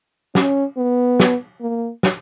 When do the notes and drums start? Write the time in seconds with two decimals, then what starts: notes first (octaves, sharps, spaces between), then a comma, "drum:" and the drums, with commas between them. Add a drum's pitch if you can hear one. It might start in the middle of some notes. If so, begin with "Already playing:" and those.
0.35 C#4, drum: snare
0.77 B3
1.20 drum: snare
1.61 A#3
2.03 drum: snare